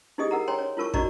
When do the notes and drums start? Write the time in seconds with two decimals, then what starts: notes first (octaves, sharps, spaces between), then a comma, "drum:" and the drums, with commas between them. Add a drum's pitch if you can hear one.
0.18 D#4 E4 G4 G#4 D#5 D#6
0.31 A#4 F#5 A#5
0.48 C#5 G5 G#5 A#5 C6
0.59 C#5
0.77 E4 F4 A#4 A5 C#6
0.94 D#4 F#4 D5 D#5 A#5 C#6, drum: kick